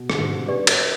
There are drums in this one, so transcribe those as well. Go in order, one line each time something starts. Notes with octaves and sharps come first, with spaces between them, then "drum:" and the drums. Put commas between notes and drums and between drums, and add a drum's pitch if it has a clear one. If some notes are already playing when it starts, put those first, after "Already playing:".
Already playing: B2
G2, drum: rim click
G#2
B2
C3
D4 G4 B4 D5
drum: cymbal